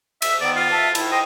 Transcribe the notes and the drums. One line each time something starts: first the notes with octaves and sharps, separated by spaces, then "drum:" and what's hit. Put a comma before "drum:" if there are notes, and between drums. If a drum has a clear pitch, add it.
E5, drum: cymbal
D#3 B3 D5
F4
E5 A5
D#3 E4, drum: cymbal
C5 D#5 G5